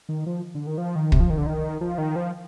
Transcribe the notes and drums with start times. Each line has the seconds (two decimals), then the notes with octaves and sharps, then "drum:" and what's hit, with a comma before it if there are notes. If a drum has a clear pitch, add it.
0.09 D#3
0.26 F3
0.55 D3
0.67 D#3
0.78 F3
0.96 D#3
1.12 C3, drum: kick
1.20 F3
1.30 D#3
1.38 D3
1.47 D#3
1.81 F3
1.98 D#3
2.16 F3